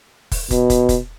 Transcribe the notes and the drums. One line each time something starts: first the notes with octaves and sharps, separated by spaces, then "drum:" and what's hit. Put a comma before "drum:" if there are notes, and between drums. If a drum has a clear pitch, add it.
drum: kick, open hi-hat
B2, drum: kick, hi-hat
drum: kick, hi-hat
drum: kick, hi-hat